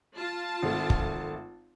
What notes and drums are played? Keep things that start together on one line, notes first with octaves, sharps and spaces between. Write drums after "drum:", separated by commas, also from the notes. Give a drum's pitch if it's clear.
F4 A5
G#1 A3
drum: kick